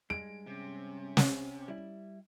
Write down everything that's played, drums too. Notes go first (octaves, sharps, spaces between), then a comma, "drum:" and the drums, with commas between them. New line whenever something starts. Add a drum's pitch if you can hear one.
G2 G#3 D7
C3 C#4
drum: snare
G3 E4